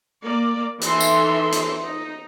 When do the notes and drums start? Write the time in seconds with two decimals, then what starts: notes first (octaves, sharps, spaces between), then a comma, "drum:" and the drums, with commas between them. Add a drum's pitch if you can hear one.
0.22 A#3 D5
0.81 E3 D#4 A4 E5 C6, drum: hi-hat
1.00 drum: tambourine
1.52 drum: hi-hat
1.81 D#4